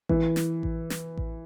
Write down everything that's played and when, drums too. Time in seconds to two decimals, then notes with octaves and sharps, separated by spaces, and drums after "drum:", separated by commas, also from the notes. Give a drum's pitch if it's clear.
0.09 E3, drum: kick A1
0.36 drum: snare
0.63 drum: kick A1
0.90 drum: snare
1.17 drum: kick A1